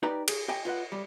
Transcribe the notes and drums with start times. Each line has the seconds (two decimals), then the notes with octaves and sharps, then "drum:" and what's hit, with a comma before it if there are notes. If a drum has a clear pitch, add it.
0.03 D#4 G4 B4 D5 G5 A#5
0.28 G#4, drum: cymbal
0.48 G4 D#5 G5 G#5
0.65 F4 B4 D#5 F#5
0.92 G3